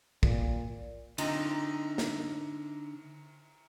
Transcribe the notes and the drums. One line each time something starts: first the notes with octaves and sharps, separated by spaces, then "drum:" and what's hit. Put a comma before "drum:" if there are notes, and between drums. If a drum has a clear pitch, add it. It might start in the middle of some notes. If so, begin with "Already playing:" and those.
A#2, drum: kick
D3 C4 D#4 F4 A#5, drum: cymbal
drum: snare